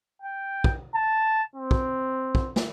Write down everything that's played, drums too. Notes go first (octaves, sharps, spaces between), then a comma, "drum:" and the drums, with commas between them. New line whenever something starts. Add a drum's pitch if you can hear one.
G5
drum: kick
A5
C4
drum: kick
drum: kick
drum: snare